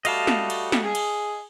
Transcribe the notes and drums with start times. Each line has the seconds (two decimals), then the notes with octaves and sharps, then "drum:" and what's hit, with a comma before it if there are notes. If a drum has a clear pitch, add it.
0.05 G3 A3 F#4 D#5 F5 A5, drum: cymbal
0.27 drum: snare
0.50 drum: cymbal
0.72 drum: snare
0.84 G#4
0.95 drum: cymbal